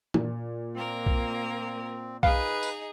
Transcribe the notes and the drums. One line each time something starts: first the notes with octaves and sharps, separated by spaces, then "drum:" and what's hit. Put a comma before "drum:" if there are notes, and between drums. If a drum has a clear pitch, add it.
A#2, drum: tom
A#3 C4 A#4
drum: kick B1
D#4 G#4 B4 F5, drum: kick B1
drum: tambourine